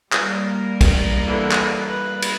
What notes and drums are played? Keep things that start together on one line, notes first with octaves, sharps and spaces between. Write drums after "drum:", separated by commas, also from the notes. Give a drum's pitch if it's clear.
G3 A#3 A#4, drum: clap
drum: kick, cymbal
D3 E3
drum: clap
B4
drum: cymbal